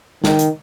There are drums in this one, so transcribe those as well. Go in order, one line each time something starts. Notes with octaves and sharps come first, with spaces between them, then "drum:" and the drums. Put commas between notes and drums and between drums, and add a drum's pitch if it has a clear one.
D#3, drum: snare
drum: hi-hat